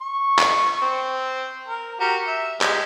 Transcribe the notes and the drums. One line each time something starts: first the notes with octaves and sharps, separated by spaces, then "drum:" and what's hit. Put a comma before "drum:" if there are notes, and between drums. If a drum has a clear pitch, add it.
C#6
drum: clap
C4
A#4
F#4 G4 A#4
E5
G#3 G4, drum: clap